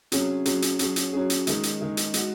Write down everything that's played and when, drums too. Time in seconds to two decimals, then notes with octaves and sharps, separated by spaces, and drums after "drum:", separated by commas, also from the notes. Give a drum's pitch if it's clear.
0.12 C3 F#3 C#4 G#4, drum: hi-hat
0.45 C3 F#3 C#4 G#4, drum: hi-hat
0.62 drum: hi-hat
0.79 F#3 C#4 G#4, drum: hi-hat
0.96 drum: hi-hat
1.13 F#3 C#4 G#4
1.30 drum: hi-hat
1.47 D#3 G#3 D#4 G#4, drum: hi-hat
1.63 drum: hi-hat
1.80 D#3 G#3 D#4 G#4
1.97 drum: hi-hat
2.14 G#3 D#4 F#4, drum: hi-hat